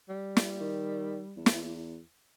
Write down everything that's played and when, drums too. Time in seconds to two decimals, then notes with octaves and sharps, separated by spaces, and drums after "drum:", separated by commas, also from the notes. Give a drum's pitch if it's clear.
0.09 G3
0.37 drum: snare
0.60 D#3
1.37 E2
1.46 drum: snare